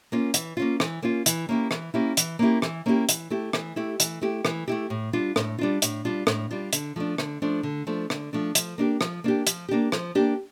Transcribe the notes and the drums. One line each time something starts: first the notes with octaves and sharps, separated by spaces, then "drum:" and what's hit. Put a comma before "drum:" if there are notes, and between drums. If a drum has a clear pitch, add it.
A#3 C#4 F4
E3, drum: hi-hat
A#3 C#4 F4
E3, drum: rim click
A#3 C#4 F4
E3, drum: hi-hat
A#3 C#4 E4 G4
E3, drum: rim click
A#3 C#4 E4 G4
E3, drum: hi-hat
A#3 C#4 E4 G4
E3, drum: rim click
A#3 C#4 E4 G4
E3, drum: hi-hat
A3 E4 G4
E3, drum: rim click
A3 E4 G4
E3, drum: hi-hat
A3 E4 G4
E3, drum: rim click
A3 E4 G4
A2
G3 D4 F4
A2, drum: rim click
G3 D4 F4
A2, drum: hi-hat
G3 D4 F4
A2, drum: rim click
G3 D4 F4
D3, drum: hi-hat
F3 A3 D4
D3, drum: rim click
F3 A3 D4
D3
F3 A3 D4
D3, drum: rim click
F3 A3 D4
F3, drum: hi-hat
A#3 D4 G4
F3, drum: rim click
A#3 D4 G4
F3, drum: hi-hat
A#3 D4 G4
F3, drum: rim click
A#3 D4 G4